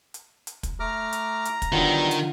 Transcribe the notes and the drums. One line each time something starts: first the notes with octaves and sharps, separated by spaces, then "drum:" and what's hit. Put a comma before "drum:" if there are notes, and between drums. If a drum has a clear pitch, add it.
drum: hi-hat
drum: hi-hat
drum: kick, hi-hat
A3 A#5 D6 F6
drum: hi-hat
drum: hi-hat
drum: kick, hi-hat
D3 D#3 F#3 G3 B3 F4 F#5
drum: hi-hat